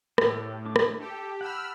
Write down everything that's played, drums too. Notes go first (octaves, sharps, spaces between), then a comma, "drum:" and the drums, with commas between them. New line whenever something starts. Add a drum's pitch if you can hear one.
A2 G4 A4, drum: rim click
A3 D4 D6
drum: rim click
G4 A4
F#5 G5 A5 B5 E6 F6